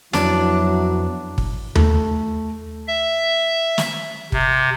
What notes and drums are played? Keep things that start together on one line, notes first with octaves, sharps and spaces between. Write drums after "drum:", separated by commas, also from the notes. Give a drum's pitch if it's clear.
F2 F#3 B3 D4 E4 F#4, drum: snare
drum: kick
A3, drum: tom D#2
E5
drum: snare
C3, drum: kick